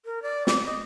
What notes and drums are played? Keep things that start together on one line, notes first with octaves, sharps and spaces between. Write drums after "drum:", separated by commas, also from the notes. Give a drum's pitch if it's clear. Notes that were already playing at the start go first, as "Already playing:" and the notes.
A#4
D5
D6, drum: snare
D#5